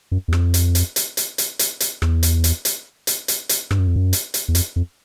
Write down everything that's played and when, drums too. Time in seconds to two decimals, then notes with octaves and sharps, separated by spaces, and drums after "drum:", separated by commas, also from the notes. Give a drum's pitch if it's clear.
0.12 F#2
0.28 E2
0.33 F2, drum: rim click
0.54 drum: hi-hat
0.75 drum: hi-hat
0.96 drum: hi-hat
1.17 drum: hi-hat
1.38 drum: hi-hat
1.59 drum: hi-hat
1.80 drum: hi-hat
2.02 E2, drum: rim click
2.23 drum: hi-hat
2.44 drum: hi-hat
2.65 drum: hi-hat
3.07 drum: hi-hat
3.28 drum: hi-hat
3.49 drum: hi-hat
3.71 G2, drum: rim click
3.79 F#2
3.87 F2
3.96 F#2
4.13 drum: hi-hat
4.34 drum: hi-hat
4.48 E2
4.55 F2, drum: hi-hat
4.76 F2